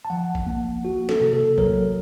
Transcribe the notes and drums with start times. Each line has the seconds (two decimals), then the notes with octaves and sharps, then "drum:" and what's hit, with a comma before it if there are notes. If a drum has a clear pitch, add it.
0.05 A5
0.10 F3 F#5
0.35 F#5, drum: kick G#1
0.47 A#3
0.84 A#3 F#4
1.09 A4, drum: snare
1.21 C3
1.33 A4
1.58 F#3 A#4, drum: kick G#1